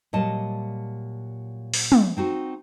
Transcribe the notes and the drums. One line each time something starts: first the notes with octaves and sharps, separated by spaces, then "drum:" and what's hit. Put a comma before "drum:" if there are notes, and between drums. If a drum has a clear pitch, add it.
A#2 F#3 G3 D#5 A5
drum: open hi-hat
drum: tom
C4 D#4 F#4